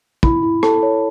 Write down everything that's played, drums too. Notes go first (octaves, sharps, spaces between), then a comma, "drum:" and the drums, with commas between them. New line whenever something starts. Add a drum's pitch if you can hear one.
E4 B5, drum: kick
E4
A4 A5, drum: rim click
C#5